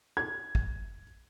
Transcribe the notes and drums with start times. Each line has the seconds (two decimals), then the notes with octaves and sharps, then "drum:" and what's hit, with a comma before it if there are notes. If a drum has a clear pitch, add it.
0.17 G#6
0.55 drum: kick